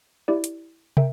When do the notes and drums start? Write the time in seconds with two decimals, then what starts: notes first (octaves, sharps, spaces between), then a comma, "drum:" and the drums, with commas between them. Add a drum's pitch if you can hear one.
0.28 E4 G4 D5
0.44 drum: hi-hat
0.97 A#4 E5 G5, drum: tom